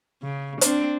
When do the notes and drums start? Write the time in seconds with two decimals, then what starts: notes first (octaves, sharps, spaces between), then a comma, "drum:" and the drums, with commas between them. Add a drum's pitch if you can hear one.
0.22 C#3
0.61 C4 D4, drum: hi-hat